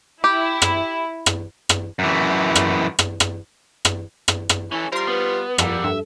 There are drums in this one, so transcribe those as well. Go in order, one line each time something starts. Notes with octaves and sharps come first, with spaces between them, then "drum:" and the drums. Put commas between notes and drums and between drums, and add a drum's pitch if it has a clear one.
E4 G4
drum: rim click
drum: rim click
drum: rim click
F#2 E3
drum: rim click
drum: rim click
drum: rim click
drum: rim click
drum: rim click
drum: rim click
E3 C#4 A4
G3 F4 A#4 C5 C6
B3 B4
F2 G3 A#3 F#5 E6, drum: rim click
G2 A4 E5